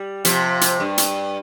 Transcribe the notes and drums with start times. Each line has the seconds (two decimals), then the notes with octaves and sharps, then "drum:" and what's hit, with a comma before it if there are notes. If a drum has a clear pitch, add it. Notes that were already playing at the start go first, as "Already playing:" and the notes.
Already playing: G3
0.25 C3 F3, drum: hi-hat
0.61 drum: hi-hat
0.80 G2
0.98 drum: hi-hat